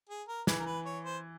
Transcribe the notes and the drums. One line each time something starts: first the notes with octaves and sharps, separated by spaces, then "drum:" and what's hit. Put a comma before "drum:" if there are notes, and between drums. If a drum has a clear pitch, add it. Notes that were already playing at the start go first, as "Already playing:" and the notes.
G#4
A#4
E3 B4, drum: snare
A#4
B4
C#5
C5